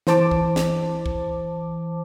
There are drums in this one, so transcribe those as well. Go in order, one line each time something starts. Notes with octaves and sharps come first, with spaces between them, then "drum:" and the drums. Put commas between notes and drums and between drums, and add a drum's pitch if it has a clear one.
E3 C5 A5 D6, drum: snare
drum: kick C2
drum: snare
drum: kick C2